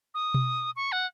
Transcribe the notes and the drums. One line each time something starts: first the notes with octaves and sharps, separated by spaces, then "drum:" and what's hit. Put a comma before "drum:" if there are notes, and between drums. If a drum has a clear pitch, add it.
D#6
drum: tom B2
C#6
F#5